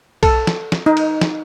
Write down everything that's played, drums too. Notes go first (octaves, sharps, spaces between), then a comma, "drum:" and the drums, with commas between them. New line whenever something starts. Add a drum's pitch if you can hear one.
A4, drum: kick B1, cymbal
drum: snare
drum: snare
D#4
drum: cymbal
drum: snare